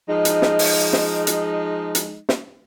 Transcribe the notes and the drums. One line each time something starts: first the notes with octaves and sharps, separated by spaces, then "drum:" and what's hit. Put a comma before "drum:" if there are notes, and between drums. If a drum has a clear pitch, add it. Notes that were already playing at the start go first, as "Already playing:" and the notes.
F3 G#3 D#4
drum: hi-hat
drum: snare
drum: open hi-hat
drum: snare
drum: hi-hat
drum: hi-hat
drum: snare